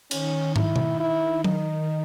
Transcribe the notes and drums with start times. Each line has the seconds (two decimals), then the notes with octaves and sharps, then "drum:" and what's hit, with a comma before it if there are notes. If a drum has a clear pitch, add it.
0.11 D#3 C#4, drum: cymbal
0.56 D#3 E4, drum: tom
0.76 drum: tom B2
1.00 E4
1.44 D#4, drum: tom F#3